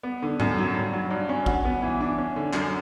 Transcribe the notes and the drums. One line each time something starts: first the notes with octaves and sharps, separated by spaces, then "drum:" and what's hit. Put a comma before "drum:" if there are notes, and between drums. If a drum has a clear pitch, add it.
B3
D3
F#2, drum: tom G#2
F#3
G2
F#3
G2
C#4
F#4, drum: kick
B3
E3
D4
C#4
D3
F#2, drum: clap